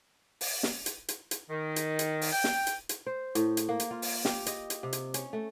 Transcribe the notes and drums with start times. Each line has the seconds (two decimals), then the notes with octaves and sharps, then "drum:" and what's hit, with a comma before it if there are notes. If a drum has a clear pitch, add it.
0.41 drum: open hi-hat
0.63 drum: snare
0.86 drum: hi-hat
1.08 drum: hi-hat
1.31 drum: hi-hat
1.49 D#3
1.76 drum: hi-hat
1.99 drum: hi-hat
2.21 drum: open hi-hat
2.32 G5
2.44 drum: snare
2.67 drum: hi-hat
2.89 drum: hi-hat
3.06 C5
3.35 A2, drum: hi-hat
3.57 drum: hi-hat
3.69 A#3
3.80 drum: hi-hat
3.91 F4
4.02 drum: open hi-hat
4.25 G4, drum: snare
4.46 D#5, drum: hi-hat
4.70 drum: hi-hat
4.83 C3
4.93 drum: hi-hat
5.14 C#4, drum: hi-hat
5.33 A3